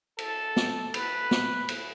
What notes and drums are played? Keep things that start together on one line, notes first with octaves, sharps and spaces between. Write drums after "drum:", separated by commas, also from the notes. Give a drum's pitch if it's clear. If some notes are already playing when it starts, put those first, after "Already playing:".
A4, drum: cymbal
drum: snare
B4, drum: cymbal
drum: snare
drum: cymbal